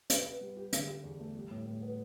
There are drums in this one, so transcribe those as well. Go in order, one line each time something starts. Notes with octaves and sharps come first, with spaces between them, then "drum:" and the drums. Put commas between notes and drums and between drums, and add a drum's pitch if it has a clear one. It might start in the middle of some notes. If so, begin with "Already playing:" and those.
B3, drum: hi-hat
B4
G3
G4
D3, drum: hi-hat
G4
E2
A3
G3
A2
A2
B3